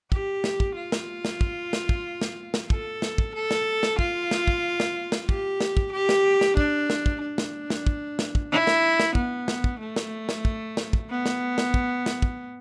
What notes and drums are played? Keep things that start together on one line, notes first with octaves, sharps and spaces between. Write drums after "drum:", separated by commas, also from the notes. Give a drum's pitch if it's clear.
G4, drum: kick
drum: snare
drum: kick
F4
drum: snare
drum: snare
drum: kick
drum: snare
drum: kick
drum: snare
drum: snare
A4, drum: kick
drum: snare
drum: kick
A4
drum: snare
drum: snare
F4, drum: kick
drum: snare
drum: kick
drum: snare
drum: snare
G4, drum: kick
drum: snare
drum: kick
G4
drum: snare
drum: snare
D4, drum: kick
drum: snare
drum: kick
D4
drum: snare
drum: snare
drum: kick
drum: snare
drum: kick
E4
drum: snare
drum: snare
B3, drum: kick
drum: snare
drum: kick
A3
drum: snare
drum: snare
drum: kick
drum: snare
drum: kick
B3
drum: snare
drum: snare
drum: kick
drum: snare
drum: kick